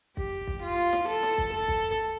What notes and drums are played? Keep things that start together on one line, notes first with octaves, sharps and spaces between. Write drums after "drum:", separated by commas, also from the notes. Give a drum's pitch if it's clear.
G4, drum: kick
drum: kick
F4
drum: snare
A4
drum: snare
drum: kick
A4
drum: kick